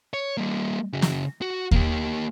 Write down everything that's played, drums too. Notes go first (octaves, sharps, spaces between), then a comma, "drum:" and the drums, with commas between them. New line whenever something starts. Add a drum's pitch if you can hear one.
C#5
G3 A#3
C#3 F#4
drum: snare
F#4
A#3 G4, drum: kick D#2